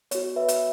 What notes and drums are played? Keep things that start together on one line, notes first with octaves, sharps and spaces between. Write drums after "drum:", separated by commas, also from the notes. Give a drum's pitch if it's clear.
B3 F#4 C#5, drum: hi-hat
B4 E5
drum: hi-hat